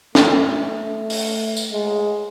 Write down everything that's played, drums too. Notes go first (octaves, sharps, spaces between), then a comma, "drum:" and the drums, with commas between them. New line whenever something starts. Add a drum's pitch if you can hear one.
A3, drum: snare
drum: open hi-hat
drum: tambourine
G#3